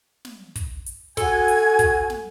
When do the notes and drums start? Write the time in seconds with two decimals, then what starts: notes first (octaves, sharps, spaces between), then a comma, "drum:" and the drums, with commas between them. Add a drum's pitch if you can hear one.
0.25 drum: snare
0.55 drum: kick, hi-hat
0.86 drum: hi-hat
1.17 F#4 A4 G#5 G#6, drum: kick, hi-hat
1.48 drum: hi-hat
1.79 drum: kick, hi-hat
2.10 drum: snare